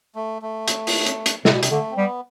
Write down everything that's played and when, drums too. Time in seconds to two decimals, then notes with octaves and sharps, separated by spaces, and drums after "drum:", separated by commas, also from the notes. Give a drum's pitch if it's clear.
0.15 A3
0.42 A3
0.68 drum: hi-hat
0.87 drum: open hi-hat
1.06 drum: hi-hat
1.26 drum: hi-hat
1.45 C3 G3, drum: snare
1.53 B2
1.63 C3, drum: hi-hat
1.71 D3 A3
1.91 C4
1.97 G3 B3